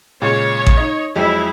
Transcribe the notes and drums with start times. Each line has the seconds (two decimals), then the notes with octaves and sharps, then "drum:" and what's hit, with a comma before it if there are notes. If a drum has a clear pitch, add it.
0.22 A#2 C#3 G#3 C#5
0.67 drum: kick A1
0.77 D#4 D#5
1.16 F2 F#3 G#3 E4